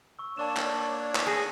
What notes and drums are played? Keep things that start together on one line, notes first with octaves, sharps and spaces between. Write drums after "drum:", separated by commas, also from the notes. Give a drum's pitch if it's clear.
C#6 E6
A#3 D4 C#5 D5 A5 C#6 E7
drum: clap
drum: clap
G#4 A#6 C#7